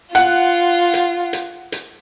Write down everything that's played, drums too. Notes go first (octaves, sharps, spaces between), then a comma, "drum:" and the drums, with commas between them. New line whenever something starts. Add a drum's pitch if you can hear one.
F4 F#5, drum: hi-hat
drum: hi-hat
drum: hi-hat
drum: hi-hat